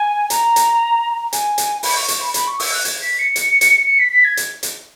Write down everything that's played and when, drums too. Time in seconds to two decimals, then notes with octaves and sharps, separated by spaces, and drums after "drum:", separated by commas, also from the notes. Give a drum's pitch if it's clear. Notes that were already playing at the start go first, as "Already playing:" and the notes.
Already playing: G#5
0.30 A#5, drum: hi-hat
0.56 drum: hi-hat
1.33 G#5, drum: hi-hat
1.58 drum: hi-hat
1.83 B5, drum: open hi-hat
1.96 C#6
2.08 C#6, drum: hi-hat
2.21 B5
2.34 B5, drum: hi-hat
2.47 C#6
2.60 E6, drum: open hi-hat
2.73 F#6
2.85 G#6, drum: hi-hat
3.02 B6
3.19 C#7
3.36 drum: hi-hat
3.61 drum: hi-hat
3.86 C#7
3.99 B6
4.12 B6
4.25 G#6
4.37 drum: hi-hat
4.63 drum: hi-hat